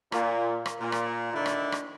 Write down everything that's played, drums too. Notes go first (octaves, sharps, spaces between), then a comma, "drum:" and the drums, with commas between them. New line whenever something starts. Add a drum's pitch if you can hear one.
A#2, drum: rim click
drum: rim click
A#2
drum: rim click
D3 D#3 E4 D5
drum: rim click
drum: rim click